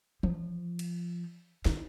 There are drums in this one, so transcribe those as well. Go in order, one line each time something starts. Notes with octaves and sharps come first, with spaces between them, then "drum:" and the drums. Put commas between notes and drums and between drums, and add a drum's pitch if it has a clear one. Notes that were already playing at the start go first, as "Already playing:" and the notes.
F3, drum: tom E3
drum: cymbal
D#3, drum: snare